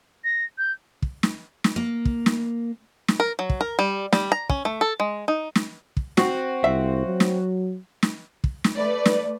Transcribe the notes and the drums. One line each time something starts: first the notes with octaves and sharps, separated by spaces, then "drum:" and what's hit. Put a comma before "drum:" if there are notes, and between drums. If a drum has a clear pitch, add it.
A#6
G6
drum: kick
drum: snare
drum: snare
A#3
drum: kick
drum: snare
drum: snare
A#4
F#3
drum: kick
A#4
G3
G3, drum: snare
A#5
C#4, drum: kick
A3
A4
G#3
D#4
drum: snare
drum: kick
C4 F#4, drum: snare
C2 E5 F5
F#3
drum: snare
drum: snare
drum: kick
drum: snare
A3 B4 D5
drum: snare